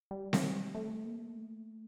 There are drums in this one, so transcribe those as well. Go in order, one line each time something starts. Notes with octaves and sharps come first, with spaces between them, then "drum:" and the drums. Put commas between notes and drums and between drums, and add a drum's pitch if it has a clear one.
G3
D#3, drum: snare C4
G3
A3
A#3
A3